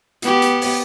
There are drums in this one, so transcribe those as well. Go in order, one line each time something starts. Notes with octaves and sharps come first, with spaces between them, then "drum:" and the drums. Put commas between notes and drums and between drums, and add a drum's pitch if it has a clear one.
B3 G4, drum: hi-hat
drum: hi-hat
drum: open hi-hat